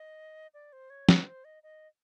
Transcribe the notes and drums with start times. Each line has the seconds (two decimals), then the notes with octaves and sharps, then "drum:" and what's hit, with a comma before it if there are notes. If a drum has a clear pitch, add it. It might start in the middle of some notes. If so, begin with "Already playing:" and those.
Already playing: D#5
0.54 D5
0.73 C5
0.90 C#5
1.09 B4, drum: snare
1.27 C5
1.45 D#5
1.63 D#5